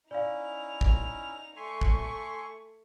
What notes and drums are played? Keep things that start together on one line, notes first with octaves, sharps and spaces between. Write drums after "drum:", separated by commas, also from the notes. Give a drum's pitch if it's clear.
C#4 D#4 E4 D5 F5 F7
drum: kick
A3 E5 G#5 C6 C#6
drum: kick